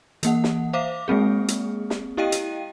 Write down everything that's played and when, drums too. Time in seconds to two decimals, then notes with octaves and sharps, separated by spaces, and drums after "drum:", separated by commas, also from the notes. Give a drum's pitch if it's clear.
0.23 E3 A#3 F#5, drum: hi-hat
0.44 drum: snare
0.73 C5 E5 F5 D6
1.08 G#3 A#3 C4 G#4
1.48 drum: hi-hat
1.90 drum: snare
2.17 E4 G4 D#5 F5 G5 D#7
2.32 drum: hi-hat